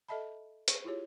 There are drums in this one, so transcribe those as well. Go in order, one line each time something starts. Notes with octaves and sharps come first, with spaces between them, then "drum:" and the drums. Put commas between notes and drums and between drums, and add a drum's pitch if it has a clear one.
A4 D#5 E5 A5 B5
G#4 C#6, drum: hi-hat
E4 F4 G4 G#4 C#5